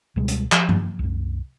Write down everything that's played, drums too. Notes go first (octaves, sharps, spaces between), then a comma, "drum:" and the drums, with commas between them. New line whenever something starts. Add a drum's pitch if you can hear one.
C#2 B2 G3 G#3
drum: hi-hat
F3, drum: clap
drum: tom G2
C2 F#2